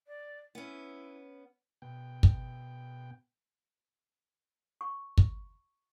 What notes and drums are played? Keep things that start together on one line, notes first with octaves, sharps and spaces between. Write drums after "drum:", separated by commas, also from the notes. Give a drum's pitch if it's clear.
D5
B3 C#4 E4
B2 G5
drum: kick
C#6
drum: kick